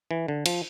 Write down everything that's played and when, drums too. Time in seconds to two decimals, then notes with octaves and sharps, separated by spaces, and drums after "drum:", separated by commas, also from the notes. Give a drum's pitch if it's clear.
0.11 E3
0.28 D3
0.46 F3, drum: cymbal